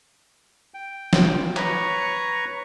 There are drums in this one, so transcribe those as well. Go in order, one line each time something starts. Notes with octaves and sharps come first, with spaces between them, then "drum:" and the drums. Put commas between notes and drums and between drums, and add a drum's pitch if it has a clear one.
G5
drum: snare
B4 C#5 A#5 C#6, drum: clap